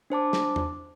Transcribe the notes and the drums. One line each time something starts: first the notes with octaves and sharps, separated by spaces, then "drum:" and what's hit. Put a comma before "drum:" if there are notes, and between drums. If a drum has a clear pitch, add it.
D4 C5 A5 D6
drum: snare
drum: tom E2